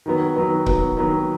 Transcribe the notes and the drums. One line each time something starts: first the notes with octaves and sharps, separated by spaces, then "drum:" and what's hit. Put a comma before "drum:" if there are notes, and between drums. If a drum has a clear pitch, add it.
D#3 F#3 B3
D#3 F#3 B3
D#3 F#3 B3, drum: kick C#1
D#3 F#3 B3